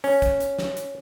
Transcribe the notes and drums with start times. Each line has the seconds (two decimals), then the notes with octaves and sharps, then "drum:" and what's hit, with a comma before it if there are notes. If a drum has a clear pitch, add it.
0.04 C#4, drum: open hi-hat
0.22 drum: kick, hi-hat
0.40 drum: hi-hat
0.59 drum: snare
0.77 drum: hi-hat